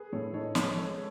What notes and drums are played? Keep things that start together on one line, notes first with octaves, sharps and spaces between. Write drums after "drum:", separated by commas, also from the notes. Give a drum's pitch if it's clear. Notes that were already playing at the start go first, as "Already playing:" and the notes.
Already playing: G#4 B4
A2 A4 C#5
D#4 A4 C#5
D#4 C#5, drum: snare
B4
G#3 A4 C#5